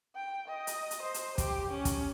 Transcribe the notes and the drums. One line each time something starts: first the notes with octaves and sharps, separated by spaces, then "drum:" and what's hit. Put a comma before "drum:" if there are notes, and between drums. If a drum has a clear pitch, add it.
G5
D#5
drum: hi-hat
drum: hi-hat
C5
drum: hi-hat
G4, drum: kick, hi-hat
C#4
drum: kick, hi-hat